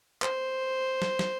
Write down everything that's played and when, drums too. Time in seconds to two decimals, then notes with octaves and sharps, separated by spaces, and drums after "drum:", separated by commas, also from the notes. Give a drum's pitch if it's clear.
0.22 C5, drum: clap
1.02 drum: snare
1.19 drum: snare